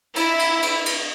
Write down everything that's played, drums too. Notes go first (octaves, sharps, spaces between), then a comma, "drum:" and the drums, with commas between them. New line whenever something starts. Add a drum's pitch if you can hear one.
E4, drum: cymbal
drum: cymbal
drum: cymbal
drum: cymbal